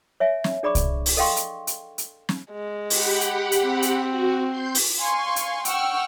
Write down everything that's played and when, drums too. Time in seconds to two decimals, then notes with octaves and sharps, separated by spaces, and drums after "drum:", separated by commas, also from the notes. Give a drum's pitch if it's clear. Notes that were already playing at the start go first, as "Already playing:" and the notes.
0.20 C#5 E5 G#5
0.44 drum: snare
0.63 D4 G#4 D5 B5 C#6 D6
0.75 drum: kick C2, hi-hat
1.06 drum: open hi-hat
1.17 A4 D#5 F5 G5 C6 C#6
1.36 drum: hi-hat
1.67 drum: hi-hat
1.98 drum: hi-hat
2.29 drum: snare
2.52 G#3
2.90 G4 F#5 B5, drum: open hi-hat
3.21 drum: hi-hat
3.52 drum: hi-hat
3.63 C4
3.82 drum: hi-hat
4.09 F#4
4.49 C6 G6
4.75 drum: open hi-hat
4.99 F5 G#5 C6 C#6
5.36 drum: hi-hat
5.65 F#5 G5 C#6 E6 F6, drum: hi-hat